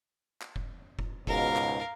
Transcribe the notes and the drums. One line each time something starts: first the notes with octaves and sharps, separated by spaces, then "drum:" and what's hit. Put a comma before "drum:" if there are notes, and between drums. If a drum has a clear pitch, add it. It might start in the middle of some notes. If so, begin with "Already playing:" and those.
drum: clap
drum: kick F1
drum: kick F1
C#2 G#2 B2 A#4 F5, drum: kick F1
drum: clap